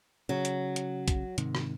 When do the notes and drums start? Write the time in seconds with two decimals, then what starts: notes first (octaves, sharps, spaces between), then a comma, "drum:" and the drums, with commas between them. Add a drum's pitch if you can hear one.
0.29 C#3 F#3
0.45 drum: hi-hat
0.76 drum: hi-hat
1.08 drum: kick, hi-hat
1.38 G#2 C3 D#3, drum: hi-hat
1.55 drum: rim click